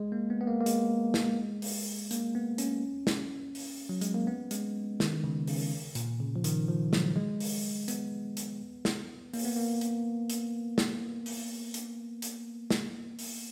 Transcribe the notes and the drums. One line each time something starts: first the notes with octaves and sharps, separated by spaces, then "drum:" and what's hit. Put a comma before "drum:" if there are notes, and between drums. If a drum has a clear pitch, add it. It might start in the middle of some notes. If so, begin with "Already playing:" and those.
Already playing: G#3
A#3
B3
B3
A#3
A#3
G#3, drum: hi-hat
drum: snare
drum: open hi-hat
A#3, drum: hi-hat
B3
C#4, drum: hi-hat
drum: snare
drum: open hi-hat
F#3
G#3, drum: hi-hat
A#3
B3
G#3, drum: hi-hat
D#3, drum: snare
C#3
C#3, drum: open hi-hat
A#2, drum: hi-hat
C#3
F3
D#3, drum: hi-hat
F3
F#3, drum: snare
G#3
drum: open hi-hat
B3, drum: hi-hat
drum: hi-hat
drum: snare
A#3, drum: open hi-hat
B3
A#3
drum: hi-hat
drum: hi-hat
drum: snare
drum: open hi-hat
drum: hi-hat
drum: hi-hat
drum: snare
drum: open hi-hat